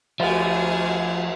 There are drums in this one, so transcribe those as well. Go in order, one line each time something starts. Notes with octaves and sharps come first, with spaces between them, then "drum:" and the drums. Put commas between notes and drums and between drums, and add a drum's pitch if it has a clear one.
D2 F3 G#5 G#6, drum: cymbal